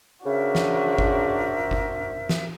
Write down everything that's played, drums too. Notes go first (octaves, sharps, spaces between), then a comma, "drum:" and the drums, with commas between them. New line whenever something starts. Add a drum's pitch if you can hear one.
C#3 D4 F#4 A#4 C5 E5
drum: snare
drum: kick G1
drum: kick G1
drum: snare